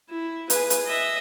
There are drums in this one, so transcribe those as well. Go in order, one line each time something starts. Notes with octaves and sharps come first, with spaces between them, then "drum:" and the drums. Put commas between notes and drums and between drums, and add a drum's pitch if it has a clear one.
E4
G#4 B4, drum: hi-hat
drum: hi-hat
D#5 E5